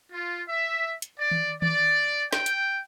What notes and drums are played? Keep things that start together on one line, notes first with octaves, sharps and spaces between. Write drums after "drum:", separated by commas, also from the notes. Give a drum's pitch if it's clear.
F4
E5
drum: hi-hat
D5
drum: tom D#3
D5, drum: tom D#3
G5, drum: snare
drum: hi-hat